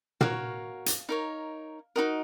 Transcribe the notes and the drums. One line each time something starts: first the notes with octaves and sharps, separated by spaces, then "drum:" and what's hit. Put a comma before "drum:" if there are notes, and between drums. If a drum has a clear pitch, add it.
F#4 A#4 C#5 F5, drum: tom
drum: hi-hat
D#4 A#4 C#5
D#4 F#4 A#4 D#5